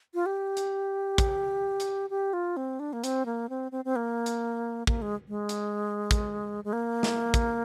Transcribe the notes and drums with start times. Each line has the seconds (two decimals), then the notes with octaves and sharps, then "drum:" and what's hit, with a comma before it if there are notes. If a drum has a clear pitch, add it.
0.14 F4
0.26 G4
0.57 drum: hi-hat
1.18 drum: kick, hi-hat
1.80 drum: hi-hat
2.10 G4
2.33 F4
2.57 C4
2.80 D4
2.93 A#3
3.04 C4, drum: hi-hat
3.26 A#3
3.49 C4
3.72 C4
3.85 C4
3.96 A#3
4.26 drum: hi-hat
4.87 A#3, drum: kick
5.02 G#3
5.28 G#3
5.49 drum: hi-hat
6.11 drum: kick, hi-hat
6.64 G#3
6.73 A#3
7.03 drum: snare
7.34 drum: kick, hi-hat